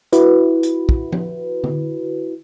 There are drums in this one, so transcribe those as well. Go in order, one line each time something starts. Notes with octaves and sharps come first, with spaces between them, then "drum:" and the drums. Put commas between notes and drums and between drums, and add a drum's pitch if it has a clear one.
E4 F#4 B4, drum: hi-hat
drum: hi-hat
drum: kick
drum: tom F3
drum: tom